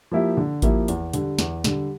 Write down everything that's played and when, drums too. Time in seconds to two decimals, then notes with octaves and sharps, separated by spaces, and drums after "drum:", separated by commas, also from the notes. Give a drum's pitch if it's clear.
0.11 F3 A#3 E4 G4
0.37 D3
0.62 F3 A#3 E4 G4, drum: kick G#1, hi-hat
0.88 E2, drum: hi-hat
1.13 D3 G3, drum: hi-hat
1.39 E2, drum: snare
1.64 D3 G3, drum: snare